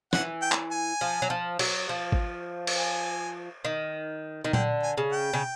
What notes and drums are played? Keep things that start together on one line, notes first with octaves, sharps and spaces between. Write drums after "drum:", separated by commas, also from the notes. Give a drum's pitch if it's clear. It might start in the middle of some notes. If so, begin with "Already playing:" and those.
E3 F#5, drum: snare
G5
drum: clap
G#5
F3
F#3
F3
F#3, drum: cymbal
F3
drum: kick
drum: cymbal
G#5
D#3
D#3
D3 G5, drum: tom A#2
G#5
C#3
G5
C#3